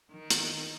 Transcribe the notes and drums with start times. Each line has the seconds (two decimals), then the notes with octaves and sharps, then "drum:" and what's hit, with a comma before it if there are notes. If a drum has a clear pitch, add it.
0.11 D#3
0.30 drum: hi-hat